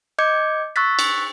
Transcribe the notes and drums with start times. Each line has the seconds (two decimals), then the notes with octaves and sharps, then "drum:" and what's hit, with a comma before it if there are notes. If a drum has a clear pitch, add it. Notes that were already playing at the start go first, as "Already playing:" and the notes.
0.18 D#5 D6 G6 G#6 C#7
0.76 C#6 E6 F#6 A6 B6
0.99 drum: cymbal